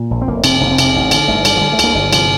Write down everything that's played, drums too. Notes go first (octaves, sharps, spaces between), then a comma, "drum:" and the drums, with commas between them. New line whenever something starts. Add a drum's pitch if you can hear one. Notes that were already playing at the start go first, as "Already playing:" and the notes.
Already playing: A#2
A#1
C4
F1 A#3
C3 C4, drum: cymbal
F1 D4
A#3
C4
C3, drum: cymbal
C4
A1
D3, drum: cymbal
G1 A3
D3 G3, drum: cymbal
F3
D3 G3
A3
D2 A#3, drum: cymbal
G1 G3
C3 F3, drum: cymbal